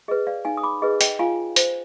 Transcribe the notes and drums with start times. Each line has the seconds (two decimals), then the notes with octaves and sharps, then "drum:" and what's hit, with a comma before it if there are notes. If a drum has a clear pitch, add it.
0.08 G#4 B4 D#5
0.27 D5 F5
0.45 D#4 F5 G#5
0.57 D#6
0.63 B5 D6
0.82 G#4 B4 D#5
1.01 D#5 G5, drum: hi-hat
1.19 F4 F5 G#5
1.56 C5, drum: hi-hat